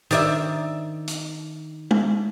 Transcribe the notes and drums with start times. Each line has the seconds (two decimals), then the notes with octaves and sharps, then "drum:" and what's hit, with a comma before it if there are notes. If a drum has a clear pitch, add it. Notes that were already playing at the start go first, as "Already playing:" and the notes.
0.11 D#3 D5 E5, drum: hi-hat
1.08 drum: hi-hat
1.91 drum: tom